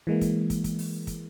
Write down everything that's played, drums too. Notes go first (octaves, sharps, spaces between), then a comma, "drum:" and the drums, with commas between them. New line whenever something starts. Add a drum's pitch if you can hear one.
E3 G#3 A#3
drum: kick, hi-hat
drum: kick, hi-hat
drum: kick, hi-hat
drum: open hi-hat
drum: kick, hi-hat